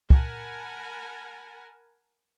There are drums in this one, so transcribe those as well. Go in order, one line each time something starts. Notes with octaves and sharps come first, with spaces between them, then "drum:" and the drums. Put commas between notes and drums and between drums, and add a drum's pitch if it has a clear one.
A#4 F#5 G#5 A5 B5, drum: kick